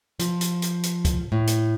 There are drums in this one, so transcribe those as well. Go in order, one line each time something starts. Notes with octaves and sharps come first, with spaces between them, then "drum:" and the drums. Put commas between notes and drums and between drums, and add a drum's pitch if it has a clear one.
F3, drum: hi-hat
drum: hi-hat
drum: hi-hat
drum: hi-hat
drum: kick C#2, hi-hat
A2
drum: hi-hat